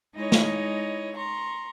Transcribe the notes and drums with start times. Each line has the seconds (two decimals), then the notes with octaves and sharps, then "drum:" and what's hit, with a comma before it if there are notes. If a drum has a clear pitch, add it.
0.16 G#3 D#4 E4 C#5 D#5
0.32 drum: snare
1.15 A#5 C6 C#6